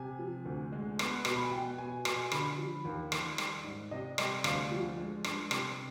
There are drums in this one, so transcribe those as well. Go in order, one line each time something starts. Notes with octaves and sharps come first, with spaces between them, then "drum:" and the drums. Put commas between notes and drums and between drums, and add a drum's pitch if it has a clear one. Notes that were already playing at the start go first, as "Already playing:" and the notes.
Already playing: C3 G#5
F3
D2
G#3
B3, drum: rim click
B2, drum: rim click
B5
G#5
B3 G5
B2 G#5
B2 G#5, drum: rim click
D3 B5, drum: rim click
F3
D#2
D#3, drum: rim click
G3, drum: rim click
G#2
C3 D#5
G3 D#5, drum: rim click
D2 F5, drum: rim click
F3
G#3
G2, drum: rim click
C3, drum: rim click